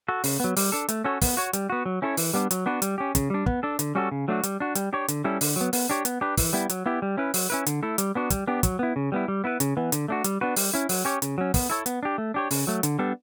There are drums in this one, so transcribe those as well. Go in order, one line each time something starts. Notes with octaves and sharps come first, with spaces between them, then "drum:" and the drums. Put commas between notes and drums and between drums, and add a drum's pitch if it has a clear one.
F#4 A4
C#3, drum: open hi-hat
F#3 B3
G3, drum: open hi-hat
D4 A4
A3, drum: hi-hat
C#4 F#4 A4 C#5
B3, drum: kick, open hi-hat
F#4 C#5
G3, drum: hi-hat
B3 F#4
F#3
C#4 E4 A4 C#5
E3, drum: open hi-hat
G3 B3 D4
F#3, drum: hi-hat
B3 D4 F#4 B4
G3, drum: hi-hat
C#4 G4
C#3, drum: kick, hi-hat
G3 D4
B3, drum: kick
D4 A4
D3, drum: hi-hat
G3 C#4 F#4 A4
C#3
F#3 A3 D4 F#4
G3, drum: hi-hat
D4 F#4
G3, drum: hi-hat
D4 G4 C#5
D3, drum: hi-hat
G3 C#4 E4 A4
D3, drum: open hi-hat
F#3 B3
B3, drum: open hi-hat
D4 G4 C#5
B3, drum: hi-hat
D4 G4 B4
E3, drum: kick, open hi-hat
G3 B3 E4
F#3, drum: hi-hat
B3 E4 G4
G3
C#4 E4 B4
F#3, drum: open hi-hat
C#4 E4 B4
D3, drum: hi-hat
A3 E4 A4
G3, drum: hi-hat
B3 D4 F#4
G3, drum: kick, hi-hat
B3 D4 G4
F#3, drum: kick, hi-hat
B3 E4
C#3
G3 B3 E4
G3
B3 E4 B4
C#3, drum: hi-hat
E3 B3
D3, drum: hi-hat
A3 D4 F#4
G3, drum: hi-hat
B3 D4 F#4 B4
G3, drum: open hi-hat
C#4 E4
F#3, drum: open hi-hat
C#4 G4 C#5
C#3, drum: hi-hat
F#3 C#4
B3, drum: kick, open hi-hat
E4 A4 C#5
B3, drum: hi-hat
D4 G4
A3
D4 G4 C#5
C#3, drum: open hi-hat
F#3 A3
D3, drum: hi-hat
G3 B3 D4 A4